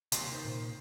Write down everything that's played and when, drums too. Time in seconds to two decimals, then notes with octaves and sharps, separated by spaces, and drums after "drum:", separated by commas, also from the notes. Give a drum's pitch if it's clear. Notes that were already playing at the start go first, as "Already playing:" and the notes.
0.12 D#2 C3 C6 C7, drum: hi-hat
0.32 D#3 C5
0.45 A#2